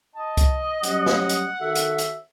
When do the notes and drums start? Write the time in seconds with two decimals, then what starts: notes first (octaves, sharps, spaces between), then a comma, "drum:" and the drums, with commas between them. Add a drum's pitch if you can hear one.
0.15 D#5 A5
0.37 drum: kick C2, hi-hat
0.83 F#3 G3 C#4 F#5, drum: hi-hat
1.06 drum: snare
1.29 drum: hi-hat
1.61 D#3 F#4 A4 E5
1.75 drum: hi-hat
1.98 drum: hi-hat